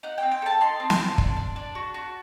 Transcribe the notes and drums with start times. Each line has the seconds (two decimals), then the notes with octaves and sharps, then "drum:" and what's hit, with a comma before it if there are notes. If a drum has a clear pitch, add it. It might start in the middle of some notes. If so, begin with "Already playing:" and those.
0.03 D#4 F#5
0.18 C4 G5
0.31 G5
0.42 A4 A5
0.61 D#4 C6
0.80 C4
0.90 C6, drum: snare
0.99 A4
1.18 D4, drum: kick
1.37 D4
1.56 D4
1.75 F#4
1.94 F#4